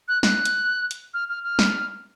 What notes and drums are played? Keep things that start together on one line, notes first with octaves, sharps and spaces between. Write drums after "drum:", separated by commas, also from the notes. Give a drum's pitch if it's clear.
F#6
F#6, drum: snare
drum: hi-hat
drum: hi-hat
F6
F6
F6
drum: snare